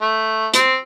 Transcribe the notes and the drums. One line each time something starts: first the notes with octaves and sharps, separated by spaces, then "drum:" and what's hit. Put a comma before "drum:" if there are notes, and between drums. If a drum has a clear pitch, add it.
A3
C4, drum: hi-hat